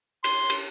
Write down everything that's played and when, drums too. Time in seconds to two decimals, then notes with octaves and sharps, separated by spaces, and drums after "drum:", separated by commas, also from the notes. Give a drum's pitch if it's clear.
0.24 C6, drum: cymbal
0.50 drum: cymbal